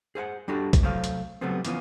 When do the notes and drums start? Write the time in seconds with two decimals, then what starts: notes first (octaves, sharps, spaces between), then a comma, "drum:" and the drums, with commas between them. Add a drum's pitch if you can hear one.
0.15 G#4 C5 F5 F#5
0.48 G3 D4 F#4 G4 A4
0.73 drum: kick, hi-hat
0.83 C2 F#3 A3 C5 D#5 F5
1.04 drum: hi-hat
1.41 C#3 F#3 G3 A3 B3 C4
1.65 E3 F3 B3 C#4 F4, drum: hi-hat